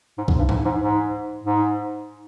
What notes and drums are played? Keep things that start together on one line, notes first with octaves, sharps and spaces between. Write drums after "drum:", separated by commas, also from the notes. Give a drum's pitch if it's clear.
G#2
G#2, drum: kick
G2
G#2, drum: tom
G#2
G#2
G#2